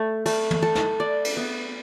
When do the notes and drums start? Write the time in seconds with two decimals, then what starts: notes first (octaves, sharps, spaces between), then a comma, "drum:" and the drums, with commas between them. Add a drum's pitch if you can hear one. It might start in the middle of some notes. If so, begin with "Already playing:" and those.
Already playing: A3 A4
0.26 A3, drum: cymbal
0.51 drum: tom
0.62 A4
0.75 drum: snare
1.00 D5
1.25 drum: cymbal
1.37 B3